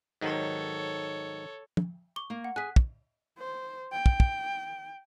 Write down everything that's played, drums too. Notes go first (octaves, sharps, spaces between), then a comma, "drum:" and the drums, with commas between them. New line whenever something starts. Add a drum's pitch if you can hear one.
G#2 D#3 F#3 A4 C#5
drum: tom
C#6 D6 G7
A#3
F#5
G#4 G#5 F#6 B6
drum: kick
C5
G5
drum: kick
drum: kick